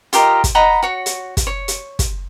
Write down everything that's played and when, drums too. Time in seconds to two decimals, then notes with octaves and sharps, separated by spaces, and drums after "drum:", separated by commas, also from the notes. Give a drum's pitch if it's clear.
0.13 F4 G4 A#4 D#5, drum: hi-hat
0.44 drum: kick, hi-hat
0.55 D#5 F#5 A#5 B5
0.83 F#4 C#5
1.06 drum: hi-hat
1.37 drum: kick, hi-hat
1.47 C#5
1.68 drum: hi-hat
1.99 drum: kick, hi-hat